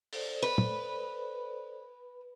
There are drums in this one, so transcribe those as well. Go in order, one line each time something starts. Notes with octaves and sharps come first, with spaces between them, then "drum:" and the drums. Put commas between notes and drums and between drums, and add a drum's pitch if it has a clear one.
A4 C5 D5, drum: open hi-hat
B4
drum: tom